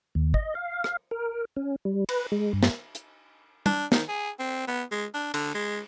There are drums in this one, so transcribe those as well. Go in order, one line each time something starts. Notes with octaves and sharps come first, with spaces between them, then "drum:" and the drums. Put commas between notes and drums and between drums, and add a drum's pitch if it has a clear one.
D#2
D#5, drum: kick
F5
drum: rim click
A#4
C#4
G3
B4, drum: cymbal
G#3
G2
drum: snare
drum: hi-hat
D4, drum: tom
D#3, drum: snare
G#4
C4
B3
G#3
D4
D3, drum: cymbal
G#3